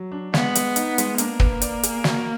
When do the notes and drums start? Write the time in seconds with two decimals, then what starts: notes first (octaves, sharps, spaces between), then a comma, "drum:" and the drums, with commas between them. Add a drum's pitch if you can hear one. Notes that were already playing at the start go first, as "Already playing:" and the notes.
Already playing: F#3
0.12 D4
0.34 G#3 B3, drum: snare
0.55 G#3, drum: hi-hat
0.76 D#4, drum: hi-hat
0.98 G#3, drum: hi-hat
1.18 A#3 D4, drum: hi-hat
1.40 B3, drum: kick
1.62 D5, drum: hi-hat
1.83 G#4, drum: hi-hat
2.04 F#4, drum: snare